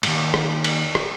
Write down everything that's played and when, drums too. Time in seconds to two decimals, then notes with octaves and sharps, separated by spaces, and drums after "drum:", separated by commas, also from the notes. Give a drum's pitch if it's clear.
0.03 D#2 G#2, drum: cymbal
0.34 drum: rim click
0.64 drum: cymbal
0.95 drum: rim click